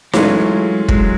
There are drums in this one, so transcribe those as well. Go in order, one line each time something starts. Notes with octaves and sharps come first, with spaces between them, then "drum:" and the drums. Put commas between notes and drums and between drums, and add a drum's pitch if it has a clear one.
E3 F#3 G#3 A3 C#4 F4, drum: snare D#4
F#3 G#3, drum: kick